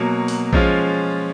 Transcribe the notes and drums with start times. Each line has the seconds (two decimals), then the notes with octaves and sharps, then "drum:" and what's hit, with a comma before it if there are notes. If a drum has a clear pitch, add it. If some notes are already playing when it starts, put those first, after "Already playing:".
Already playing: B2 F#3 A#3
0.28 drum: open hi-hat
0.53 F3 G#3 C#4 F4, drum: kick A#1